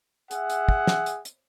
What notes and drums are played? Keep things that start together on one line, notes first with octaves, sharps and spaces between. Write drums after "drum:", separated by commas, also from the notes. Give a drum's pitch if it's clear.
G#4 E5 F#5, drum: hi-hat
drum: hi-hat
drum: kick
drum: snare
drum: hi-hat
drum: hi-hat